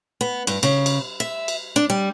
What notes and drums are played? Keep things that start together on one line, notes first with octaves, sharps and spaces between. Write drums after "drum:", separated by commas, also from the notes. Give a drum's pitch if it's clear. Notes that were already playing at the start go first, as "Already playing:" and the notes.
B3
G2, drum: cymbal
C#3, drum: cymbal
drum: cymbal
E5
drum: cymbal
D4
G3